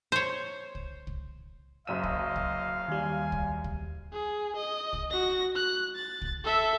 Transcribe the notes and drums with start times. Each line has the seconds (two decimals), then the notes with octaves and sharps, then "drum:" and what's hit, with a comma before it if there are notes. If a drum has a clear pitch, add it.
0.12 C5 C#5
0.75 drum: kick
1.07 drum: kick
1.87 F#1 F#2 D#5 F5 E6 D#7
2.03 drum: kick
2.36 drum: kick
2.89 D#2 G3 G#5
3.32 drum: kick
3.64 drum: kick
4.13 G#4
4.56 D#5
4.93 drum: kick
5.11 F#4 A#6
5.55 F#6
5.96 A6
6.22 drum: kick
6.44 A4 E5